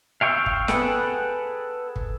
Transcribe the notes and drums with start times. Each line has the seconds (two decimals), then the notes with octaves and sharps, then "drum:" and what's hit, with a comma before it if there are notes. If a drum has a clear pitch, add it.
0.21 F5 G5 C#6 E6
0.46 drum: kick
0.68 G#4 A4 B4 F#5 G5, drum: snare
1.96 drum: kick